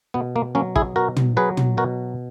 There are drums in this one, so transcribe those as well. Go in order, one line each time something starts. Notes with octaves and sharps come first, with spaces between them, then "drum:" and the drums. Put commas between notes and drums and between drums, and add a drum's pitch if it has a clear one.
B2 B3
A#3
F#3 A#3 C#4
E4 G#4, drum: kick
B2 F#4 A#4
drum: tom
F#3 G#4 B4
drum: tom
B2 F#4 A#4